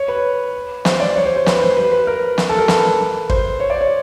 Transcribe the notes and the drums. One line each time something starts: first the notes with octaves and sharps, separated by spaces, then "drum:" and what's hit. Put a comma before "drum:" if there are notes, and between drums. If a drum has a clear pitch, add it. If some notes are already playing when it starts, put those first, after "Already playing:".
Already playing: C#5
B4
C5, drum: snare
D5
C#5
C5
C5
B4, drum: snare
C5
B4
B4
A#4
drum: snare
A4
A#4
B4, drum: snare
C5, drum: kick
C#5
D5
C#5